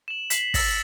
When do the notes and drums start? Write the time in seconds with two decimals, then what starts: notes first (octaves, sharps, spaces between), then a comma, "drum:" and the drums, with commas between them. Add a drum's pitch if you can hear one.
0.08 E7 F#7
0.30 B6 C7 F#7, drum: hi-hat
0.54 E6 A6 A#6, drum: kick, open hi-hat